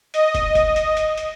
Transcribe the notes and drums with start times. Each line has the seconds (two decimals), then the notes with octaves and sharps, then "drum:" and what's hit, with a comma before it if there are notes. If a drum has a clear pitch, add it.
0.14 D#5, drum: hi-hat
0.35 drum: kick, hi-hat
0.55 drum: kick, hi-hat
0.76 drum: hi-hat
0.97 drum: hi-hat
1.18 drum: hi-hat